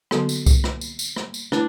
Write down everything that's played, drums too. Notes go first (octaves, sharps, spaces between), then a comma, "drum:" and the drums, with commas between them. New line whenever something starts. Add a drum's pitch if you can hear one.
D3 F#3 B3 F#4 A4, drum: rim click
drum: tambourine
drum: kick C2, tambourine
drum: rim click
drum: tambourine
drum: tambourine
drum: rim click
drum: tambourine
A3 D4 E4 B4, drum: rim click